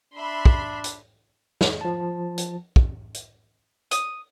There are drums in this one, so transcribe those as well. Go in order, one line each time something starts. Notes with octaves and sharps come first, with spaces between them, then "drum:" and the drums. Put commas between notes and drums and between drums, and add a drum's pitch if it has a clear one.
D4 E5 B5 C6
drum: kick
drum: hi-hat
drum: snare
F3 A5
drum: hi-hat
drum: kick
drum: hi-hat
D#6, drum: hi-hat